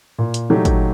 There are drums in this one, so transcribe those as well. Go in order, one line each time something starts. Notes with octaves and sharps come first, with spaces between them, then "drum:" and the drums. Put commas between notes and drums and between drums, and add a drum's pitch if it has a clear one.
A#2
drum: hi-hat
F#3 A3 D#4 G4
drum: kick, hi-hat